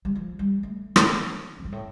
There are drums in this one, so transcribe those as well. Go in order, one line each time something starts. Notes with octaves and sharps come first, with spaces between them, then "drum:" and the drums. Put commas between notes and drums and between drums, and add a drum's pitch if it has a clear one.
G3
F3
G3
A3
drum: rim click
F2
G2
A2